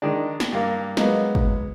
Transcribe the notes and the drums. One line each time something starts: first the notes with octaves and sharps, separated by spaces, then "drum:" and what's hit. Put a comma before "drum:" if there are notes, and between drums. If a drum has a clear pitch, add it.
D#3 G#3 D4
drum: snare
G2 A#3
F#3 G#3 A#3 B3, drum: snare
drum: kick